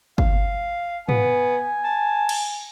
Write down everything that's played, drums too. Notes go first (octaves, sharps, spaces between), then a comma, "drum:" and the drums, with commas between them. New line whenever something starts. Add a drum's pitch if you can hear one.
F5, drum: kick
B3 G#5, drum: tom
A5
drum: cymbal